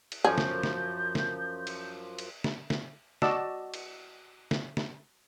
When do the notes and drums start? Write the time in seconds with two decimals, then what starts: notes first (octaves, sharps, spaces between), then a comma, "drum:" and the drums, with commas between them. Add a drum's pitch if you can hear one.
0.12 drum: cymbal
0.24 F#2 F3 G#4 G6
0.38 drum: snare
0.63 drum: snare
1.15 drum: snare
1.67 drum: cymbal
2.19 drum: cymbal
2.44 drum: snare
2.70 drum: snare
3.22 F#4 D5 D#5 A5 E6, drum: snare
3.74 drum: cymbal
4.51 drum: snare
4.77 drum: snare